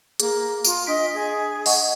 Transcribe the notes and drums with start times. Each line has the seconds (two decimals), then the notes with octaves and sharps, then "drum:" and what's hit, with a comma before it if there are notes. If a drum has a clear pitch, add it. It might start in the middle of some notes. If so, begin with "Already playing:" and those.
0.20 A#3 G#4, drum: hi-hat
0.64 F4, drum: tambourine
0.87 D4 D#5 B6 D7
1.13 G#4
1.66 D#5 F#5 C#6, drum: open hi-hat